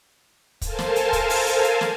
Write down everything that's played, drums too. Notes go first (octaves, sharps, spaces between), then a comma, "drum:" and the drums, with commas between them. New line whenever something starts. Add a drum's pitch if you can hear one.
A4 A#4 C5 F5 G#5 A5, drum: kick, hi-hat
drum: snare
drum: hi-hat
drum: kick, hi-hat
drum: open hi-hat
drum: hi-hat
drum: hi-hat
drum: snare